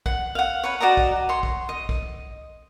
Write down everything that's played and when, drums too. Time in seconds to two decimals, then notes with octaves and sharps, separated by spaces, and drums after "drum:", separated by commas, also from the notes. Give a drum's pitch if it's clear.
0.06 F#5, drum: kick
0.35 F5 F#5
0.64 B4 C#5
0.80 F#4 D5 D#5 A#5
0.97 drum: kick
1.29 C#5 C6
1.43 drum: kick
1.69 D#5
1.89 drum: kick